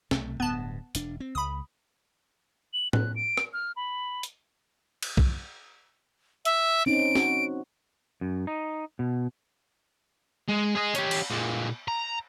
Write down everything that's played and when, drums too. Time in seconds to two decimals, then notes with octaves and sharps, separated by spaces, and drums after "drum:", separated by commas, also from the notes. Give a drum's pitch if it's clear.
0.11 B1 C3 A3, drum: snare
0.40 D1 G2 B3 A5
0.95 E1 D4, drum: hi-hat
1.20 C4
1.35 C#2 B5 D#6
2.73 F#7
2.93 F#6, drum: tom A2
3.16 D7
3.37 drum: rim click
3.53 F6
3.76 B5
4.23 drum: hi-hat
5.03 drum: cymbal
5.17 drum: kick C2
6.45 E5, drum: hi-hat
6.86 C4 C#4 D#4 D7
7.15 F#4, drum: snare
8.21 F#2
8.47 D#4
8.99 B2
10.49 G#3
10.76 G#4 D#5
10.95 C#4 G4, drum: hi-hat
11.11 drum: cymbal
11.31 A#2 G#3
11.88 A#5